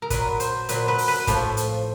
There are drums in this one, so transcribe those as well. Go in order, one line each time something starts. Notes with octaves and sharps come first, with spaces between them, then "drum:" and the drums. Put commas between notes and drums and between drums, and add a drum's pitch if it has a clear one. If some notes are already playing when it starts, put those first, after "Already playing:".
A#4
A#2 F#3 B4, drum: kick, hi-hat
C5, drum: hi-hat
A#2 F#3 B4, drum: hi-hat
B4
drum: open hi-hat
B4
A2 F3, drum: kick, hi-hat
drum: hi-hat